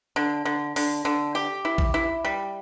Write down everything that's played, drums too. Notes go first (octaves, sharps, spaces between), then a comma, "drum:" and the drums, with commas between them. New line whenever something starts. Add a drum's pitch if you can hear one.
D3
D3
D3, drum: open hi-hat
D3
G4
E4
drum: kick A#1
E4
G3